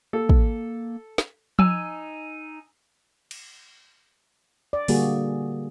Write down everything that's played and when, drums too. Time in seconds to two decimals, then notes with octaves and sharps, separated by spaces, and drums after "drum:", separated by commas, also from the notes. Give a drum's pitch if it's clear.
0.13 A#3 A4
0.29 drum: kick
1.18 drum: snare
1.59 D#4 G#5 E6, drum: tom F3
3.31 drum: cymbal
4.73 D5
4.88 D3 G3 A#3 F#4 G#4, drum: open hi-hat